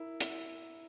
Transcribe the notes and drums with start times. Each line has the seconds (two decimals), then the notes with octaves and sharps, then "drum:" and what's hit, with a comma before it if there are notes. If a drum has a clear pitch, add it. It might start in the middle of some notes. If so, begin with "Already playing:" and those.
Already playing: E4 A#4
0.20 E4, drum: hi-hat